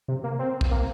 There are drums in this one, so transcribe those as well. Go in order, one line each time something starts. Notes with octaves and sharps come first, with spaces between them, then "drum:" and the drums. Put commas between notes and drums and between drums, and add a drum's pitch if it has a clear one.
C3
A#3
C4
drum: kick B1
A#3